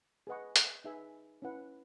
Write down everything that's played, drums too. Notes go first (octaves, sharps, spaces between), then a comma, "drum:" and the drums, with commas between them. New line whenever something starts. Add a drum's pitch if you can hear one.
G#4 B4 D#5 F#5 C#6
drum: hi-hat
D#4 G#4 B4 E5 G#5
C#4 E4 B4 F#5